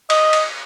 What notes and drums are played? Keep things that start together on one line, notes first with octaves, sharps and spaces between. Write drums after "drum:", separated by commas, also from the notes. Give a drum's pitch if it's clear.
D#5, drum: cymbal
drum: cymbal